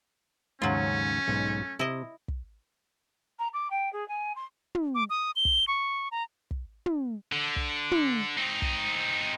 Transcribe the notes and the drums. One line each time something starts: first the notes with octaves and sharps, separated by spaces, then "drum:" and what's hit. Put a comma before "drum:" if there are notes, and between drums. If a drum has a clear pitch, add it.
D#2 G#2 C#3 F#3 A3 C#4 F4
B1 G#2
C3 E4 D#5
drum: kick
A#5
D6
G5
G#4
G#5
C6
drum: tom
D6
D#6
G7
drum: kick
C#6
A#5
drum: kick
drum: tom
D3
drum: kick
drum: tom
C4 D#4
drum: kick